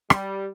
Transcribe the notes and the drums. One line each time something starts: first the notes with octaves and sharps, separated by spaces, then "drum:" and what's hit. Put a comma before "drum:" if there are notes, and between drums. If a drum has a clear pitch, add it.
G3, drum: rim click